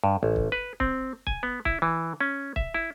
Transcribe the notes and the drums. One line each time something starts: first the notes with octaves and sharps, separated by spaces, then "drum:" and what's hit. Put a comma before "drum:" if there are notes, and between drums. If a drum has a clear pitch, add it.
G2
A1
drum: kick C#1
B4
C4, drum: kick C#1
G#5, drum: kick C#1
B3
E4, drum: kick C#1
E3
C#4
E5, drum: kick C#1
E4